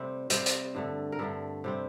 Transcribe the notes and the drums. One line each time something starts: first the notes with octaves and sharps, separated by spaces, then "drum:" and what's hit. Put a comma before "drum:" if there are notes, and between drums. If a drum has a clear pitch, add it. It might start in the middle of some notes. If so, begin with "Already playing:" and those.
Already playing: C3 G3 A3 C4
C3 G3 C4 C5, drum: hi-hat
drum: hi-hat
G2 D3 A3
A#4
G2 D3 A3 A4
C3 G3 C4